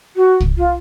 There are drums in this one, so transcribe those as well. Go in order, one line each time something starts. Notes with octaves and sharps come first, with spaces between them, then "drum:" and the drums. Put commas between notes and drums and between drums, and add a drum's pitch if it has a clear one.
F#4
drum: kick
F4